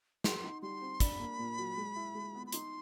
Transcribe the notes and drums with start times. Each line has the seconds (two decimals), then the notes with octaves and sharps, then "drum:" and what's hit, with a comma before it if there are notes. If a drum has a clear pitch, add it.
0.24 F#4 C6, drum: snare
0.43 D#4
0.62 G3 C6
0.82 C4
1.00 D4 B5, drum: kick, hi-hat
1.19 A#3
1.39 A#2
1.58 F#3
1.77 G#3
1.96 E4
2.15 G#3
2.35 B3
2.47 B5
2.52 D#4 C6, drum: hi-hat